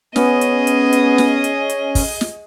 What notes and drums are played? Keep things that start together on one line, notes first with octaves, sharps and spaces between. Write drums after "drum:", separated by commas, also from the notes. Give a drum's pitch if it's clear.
B3 C#4 G#4 D#5, drum: snare
drum: hi-hat
drum: hi-hat
drum: hi-hat
drum: snare
drum: hi-hat
drum: hi-hat
drum: kick, open hi-hat
drum: snare